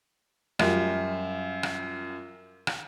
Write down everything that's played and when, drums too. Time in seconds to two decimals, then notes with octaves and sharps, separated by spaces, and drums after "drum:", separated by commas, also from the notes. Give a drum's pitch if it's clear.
0.59 F#2 G3 F4, drum: rim click
1.63 drum: rim click
2.67 drum: rim click